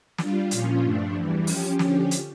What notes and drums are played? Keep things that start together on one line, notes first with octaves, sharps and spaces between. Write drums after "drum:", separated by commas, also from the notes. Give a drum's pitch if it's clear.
G3 D4 F4, drum: snare
A#2 F3 C#4 F4, drum: hi-hat
G2 F3 A3 D4
E2 E3 G3
F3 C#4 G4, drum: open hi-hat
D3 F3 C#4 G4, drum: snare
drum: hi-hat